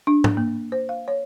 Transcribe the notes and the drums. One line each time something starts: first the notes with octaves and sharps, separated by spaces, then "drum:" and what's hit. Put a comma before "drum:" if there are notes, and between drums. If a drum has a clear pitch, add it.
D4
drum: tom
A#3
C5
F5
C#5